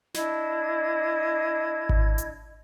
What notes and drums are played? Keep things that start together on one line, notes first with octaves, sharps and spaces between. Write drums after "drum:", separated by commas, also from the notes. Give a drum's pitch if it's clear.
D4 E4 D#5 G#6, drum: snare
drum: kick G#1
drum: hi-hat